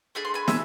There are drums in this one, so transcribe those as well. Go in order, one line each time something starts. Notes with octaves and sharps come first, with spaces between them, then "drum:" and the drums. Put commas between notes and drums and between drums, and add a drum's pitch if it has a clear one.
A3 D4 G#4 B5
C6
G#5 B5
E5, drum: snare